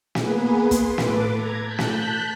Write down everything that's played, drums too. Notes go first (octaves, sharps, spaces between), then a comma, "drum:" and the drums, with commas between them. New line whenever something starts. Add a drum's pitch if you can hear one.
A#3 B3 G#4 B4, drum: snare
C6
drum: kick, hi-hat
A2 A4 B4 D6, drum: snare
A#5 G#6
A5 F#6 G6 B6
drum: snare